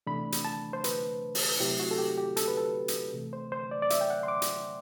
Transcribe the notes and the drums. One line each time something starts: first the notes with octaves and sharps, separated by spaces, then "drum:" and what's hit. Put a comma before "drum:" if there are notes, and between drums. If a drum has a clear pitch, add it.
C3 E3 A3 D4 B5
drum: hi-hat
A5
C5
B4, drum: hi-hat
drum: open hi-hat
C3 F#3 A3 C4 E4 G4
F#4
A4
G4
G4
A4, drum: hi-hat
B4
A4
drum: hi-hat
C3 E3 A3
C5
C5
D5
D5
E5, drum: hi-hat
G5
F#5
C6
D6
drum: hi-hat